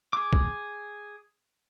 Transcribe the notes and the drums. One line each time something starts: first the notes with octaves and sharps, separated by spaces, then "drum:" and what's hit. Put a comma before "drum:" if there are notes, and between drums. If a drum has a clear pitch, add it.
G#4 D6
drum: kick